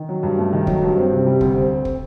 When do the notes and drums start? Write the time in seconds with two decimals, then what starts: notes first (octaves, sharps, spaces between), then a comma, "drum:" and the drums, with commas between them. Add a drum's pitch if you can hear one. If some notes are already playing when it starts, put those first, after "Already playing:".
Already playing: D#3
0.09 F#3
0.23 G2
0.38 A3
0.53 D#3
0.67 F#3, drum: kick
0.82 G2
0.97 C4
1.12 C3
1.26 G3
1.41 D2, drum: kick
1.55 C4
1.85 drum: kick